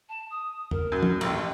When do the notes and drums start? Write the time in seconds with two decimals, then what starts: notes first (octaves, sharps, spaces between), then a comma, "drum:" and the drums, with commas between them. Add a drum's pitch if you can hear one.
0.08 A5
0.30 D#6
0.71 A#4, drum: tom
0.92 F#2
1.03 drum: tom
1.21 A1 D#2 C6, drum: cymbal